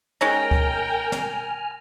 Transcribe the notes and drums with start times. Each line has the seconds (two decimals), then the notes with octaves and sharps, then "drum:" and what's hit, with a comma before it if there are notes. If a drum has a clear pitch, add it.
0.21 G#3 C#4 D#4 A#4 G5 G#5 F6 A#6
0.51 drum: kick
1.12 drum: snare